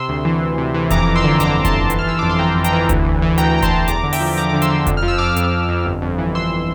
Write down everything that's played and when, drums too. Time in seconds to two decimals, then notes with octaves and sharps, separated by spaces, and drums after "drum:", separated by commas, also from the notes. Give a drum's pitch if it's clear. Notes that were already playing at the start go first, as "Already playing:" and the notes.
Already playing: C3 C6 E6
0.09 D2
0.25 E3
0.41 D2
0.58 C3
0.74 E3
0.90 F2 A#5 D6, drum: kick E1, hi-hat
1.07 F2
1.15 C6 E6
1.24 D3
1.40 G1 A#5 D6, drum: hi-hat
1.57 D3
1.65 A5 C6, drum: kick E1, hi-hat
1.74 G1
1.90 E3, drum: hi-hat
1.99 F6
2.07 E3 E6
2.19 F2 D6
2.30 C6
2.39 E3 G5 A#5
2.56 F2
2.64 G5 A#5, drum: hi-hat
2.72 E3
2.89 D2, drum: kick E1, hi-hat
3.05 D2
3.22 E3
3.38 D2 G5 A#5, drum: hi-hat
3.54 E3 A#5
3.62 A5 C6, drum: kick E1, hi-hat
3.71 D2
3.88 E2 A#5 D6, drum: hi-hat
4.04 D3
4.13 E5 G5, drum: open hi-hat
4.20 F3
4.37 F3 A#5 D6
4.50 D3 D6
4.62 C6 E6, drum: hi-hat
4.70 D3
4.87 F2, drum: kick E1, hi-hat
4.97 F6
5.03 F3
5.08 E6
5.18 F2 D6 F6
5.36 F2, drum: hi-hat
5.53 F2
5.69 F2
5.85 G1
6.02 F2
6.18 E3
6.34 F2 C6 E6